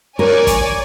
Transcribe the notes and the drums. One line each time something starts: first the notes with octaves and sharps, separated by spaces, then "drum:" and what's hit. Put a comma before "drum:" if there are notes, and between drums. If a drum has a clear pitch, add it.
A#4 C#5 D5 G#5
drum: kick, hi-hat